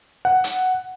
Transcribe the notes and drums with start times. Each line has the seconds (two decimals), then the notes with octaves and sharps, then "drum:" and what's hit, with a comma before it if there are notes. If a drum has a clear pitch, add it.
0.25 F#5
0.44 drum: hi-hat